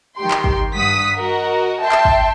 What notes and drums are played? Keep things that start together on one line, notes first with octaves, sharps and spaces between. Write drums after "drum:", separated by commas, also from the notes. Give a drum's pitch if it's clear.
D#3 G4 G5 C6
drum: clap
drum: kick
G2 F#5 D#6 B6
F#4 A#4 D#5 F#5
E5 G5 A5 C6
drum: clap
drum: kick